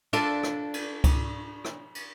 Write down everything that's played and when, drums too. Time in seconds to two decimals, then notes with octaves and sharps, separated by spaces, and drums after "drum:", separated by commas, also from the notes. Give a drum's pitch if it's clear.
0.13 D4 F4 A4, drum: cymbal
0.43 drum: rim click
0.74 drum: cymbal
1.04 drum: kick C#2, cymbal
1.65 drum: rim click
1.95 drum: cymbal